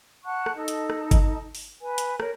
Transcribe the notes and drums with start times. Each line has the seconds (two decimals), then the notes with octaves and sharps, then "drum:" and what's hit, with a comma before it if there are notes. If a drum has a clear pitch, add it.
0.25 F#5 A5 C#6 F#6
0.46 drum: rim click
0.56 D#4 A4 D#5 A5
0.68 drum: hi-hat
0.90 drum: rim click
1.11 drum: kick, hi-hat
1.55 drum: open hi-hat
1.82 B4 G#5
1.98 drum: hi-hat
2.20 A#4 C#5, drum: rim click